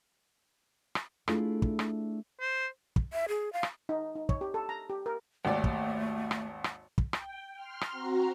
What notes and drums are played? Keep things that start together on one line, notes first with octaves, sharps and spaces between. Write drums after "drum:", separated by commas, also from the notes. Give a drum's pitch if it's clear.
drum: rim click
A3 D4 E4 F4 G#4 A4, drum: rim click
drum: kick
drum: rim click
C5
drum: kick
E5
G#4
F5
drum: rim click
D#4
D#4
C#5, drum: kick
G4
A4
A#5
G4
A#4
G#1 D#2 A3 D5
drum: kick
drum: rim click
drum: rim click
drum: kick
G5, drum: rim click
C6 F6
drum: rim click
C4 F#4 A#5